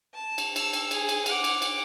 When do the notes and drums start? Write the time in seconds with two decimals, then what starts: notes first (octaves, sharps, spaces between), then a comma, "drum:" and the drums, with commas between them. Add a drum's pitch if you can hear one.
0.14 A5
0.38 drum: cymbal
0.56 A5 E6, drum: cymbal
0.73 drum: cymbal
0.91 G#4, drum: cymbal
1.09 drum: cymbal
1.26 F#5 D6, drum: cymbal
1.44 drum: cymbal
1.62 drum: cymbal